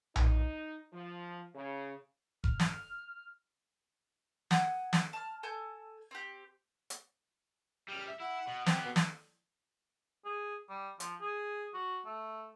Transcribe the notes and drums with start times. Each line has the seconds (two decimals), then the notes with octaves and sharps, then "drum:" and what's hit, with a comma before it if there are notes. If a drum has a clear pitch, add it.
0.16 D#4, drum: tom A#1
0.92 F3
1.54 C#3
2.44 F6, drum: kick F1
2.60 drum: snare
4.51 F#5 G#5 D#6 G6, drum: snare
4.93 drum: snare
5.13 A5 F6
5.43 A4 G#5 A5 G6
6.11 C4 G4
6.90 drum: hi-hat
7.88 C#2 G3 F6
8.07 E5
8.20 E4 F#5
8.47 B2
8.66 B3 C4 G4 F#6, drum: snare
8.85 B2
8.96 drum: snare
10.25 G#4
10.69 G3
11.00 F3, drum: hi-hat
11.21 G#4
11.74 F#4
12.05 A3